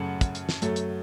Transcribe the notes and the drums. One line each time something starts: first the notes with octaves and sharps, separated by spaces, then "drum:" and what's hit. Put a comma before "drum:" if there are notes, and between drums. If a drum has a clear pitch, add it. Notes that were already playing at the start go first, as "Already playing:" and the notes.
Already playing: F#2 C#3 A3 F#5 A5
drum: kick, hi-hat
drum: hi-hat
drum: snare
F#2 F#3 A3, drum: hi-hat
drum: hi-hat